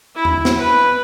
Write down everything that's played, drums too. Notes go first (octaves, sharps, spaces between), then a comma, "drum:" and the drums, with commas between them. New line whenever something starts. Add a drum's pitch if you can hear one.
E4
drum: tom E2
drum: snare
B4